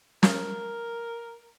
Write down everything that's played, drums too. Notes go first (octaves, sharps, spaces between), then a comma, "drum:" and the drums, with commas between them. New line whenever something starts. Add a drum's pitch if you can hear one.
A#4, drum: snare